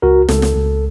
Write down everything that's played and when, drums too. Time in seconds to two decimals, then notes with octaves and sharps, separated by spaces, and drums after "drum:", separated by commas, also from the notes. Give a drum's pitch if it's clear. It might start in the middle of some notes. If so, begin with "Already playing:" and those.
0.02 C#2 F#4 A#4
0.29 C#2 A4, drum: snare
0.42 drum: snare
0.55 C#2